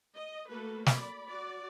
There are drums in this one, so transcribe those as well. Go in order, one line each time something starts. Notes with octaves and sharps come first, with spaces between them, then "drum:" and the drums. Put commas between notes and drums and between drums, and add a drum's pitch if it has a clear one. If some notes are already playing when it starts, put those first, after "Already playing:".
D#5
A3 A#3 F#4 A4 B4
D5 B5, drum: snare
F#4 D5